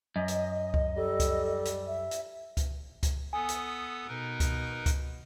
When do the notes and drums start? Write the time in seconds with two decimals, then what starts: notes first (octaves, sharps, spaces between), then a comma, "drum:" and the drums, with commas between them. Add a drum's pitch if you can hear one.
0.16 F#2 D#5
0.28 drum: hi-hat
0.74 drum: kick C#2
0.97 G3 A4
1.20 drum: kick C#2, hi-hat
1.65 drum: hi-hat
1.87 E5
2.11 drum: hi-hat
2.57 drum: kick C#2, hi-hat
3.03 drum: kick C#2, hi-hat
3.33 B3 A4 G#5 D#6
3.49 drum: hi-hat
4.08 B2 D#4 A#4 B4
4.40 drum: kick C#2, hi-hat
4.86 drum: kick C#2, hi-hat